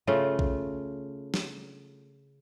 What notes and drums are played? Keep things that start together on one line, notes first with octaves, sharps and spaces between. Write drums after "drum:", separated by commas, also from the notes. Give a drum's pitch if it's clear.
C#3 A3 F4
drum: kick A#1
drum: snare